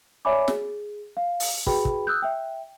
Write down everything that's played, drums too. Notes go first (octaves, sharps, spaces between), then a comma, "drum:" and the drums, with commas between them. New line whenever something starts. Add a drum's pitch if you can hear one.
C#5 D5 E5 G#5 B5 D6
G#4, drum: snare
F5
drum: open hi-hat
F#4 G#4 B4 G5 B5, drum: kick
drum: kick
D#6 E6 F#6 G6
E5 G5